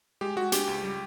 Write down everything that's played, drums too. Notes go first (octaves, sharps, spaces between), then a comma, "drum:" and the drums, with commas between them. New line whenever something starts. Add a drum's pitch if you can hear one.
G#3 G4
G#3 F#4
G#3 G4, drum: hi-hat
C#2
G3